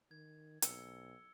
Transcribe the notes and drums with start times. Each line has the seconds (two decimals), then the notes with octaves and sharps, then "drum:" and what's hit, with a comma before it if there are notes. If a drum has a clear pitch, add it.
0.11 D#3 G#6
0.62 B1 E6 C#7 G7, drum: hi-hat